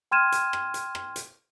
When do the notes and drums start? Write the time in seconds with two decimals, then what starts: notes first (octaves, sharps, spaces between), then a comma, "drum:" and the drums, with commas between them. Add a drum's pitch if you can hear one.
0.11 G5 C6 F6 G#6 D#7 E7
0.32 drum: hi-hat
0.53 drum: rim click
0.74 drum: hi-hat
0.95 drum: rim click
1.16 drum: hi-hat